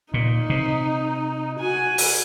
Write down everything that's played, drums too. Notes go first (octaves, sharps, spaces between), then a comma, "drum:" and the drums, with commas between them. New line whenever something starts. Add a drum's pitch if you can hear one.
A#2 D#4
C3
F#4 G#5
drum: open hi-hat